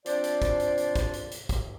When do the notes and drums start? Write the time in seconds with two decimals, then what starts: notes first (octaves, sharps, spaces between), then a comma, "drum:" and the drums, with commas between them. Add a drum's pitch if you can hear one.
0.06 F3 C4 D4 C5 D5, drum: hi-hat
0.24 drum: hi-hat
0.42 drum: kick, hi-hat
0.60 drum: hi-hat
0.78 drum: hi-hat
0.96 drum: kick, hi-hat
1.13 drum: hi-hat
1.31 drum: hi-hat
1.49 drum: kick, hi-hat